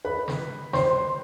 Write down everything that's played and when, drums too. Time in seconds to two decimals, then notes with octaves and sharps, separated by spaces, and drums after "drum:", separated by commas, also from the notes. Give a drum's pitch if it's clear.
0.05 B4 B5
0.28 drum: snare
0.73 C5 C6, drum: snare